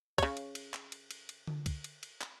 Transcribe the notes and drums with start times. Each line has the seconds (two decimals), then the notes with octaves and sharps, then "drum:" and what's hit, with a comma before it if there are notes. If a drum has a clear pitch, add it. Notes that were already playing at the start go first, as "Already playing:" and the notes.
0.18 C#3 C#5, drum: kick, cymbal
0.37 drum: cymbal
0.55 drum: cymbal
0.74 drum: clap
0.92 drum: cymbal
1.11 drum: cymbal
1.29 drum: cymbal
1.47 drum: tom D3
1.66 drum: kick, cymbal
1.84 drum: cymbal
2.03 drum: cymbal
2.21 drum: clap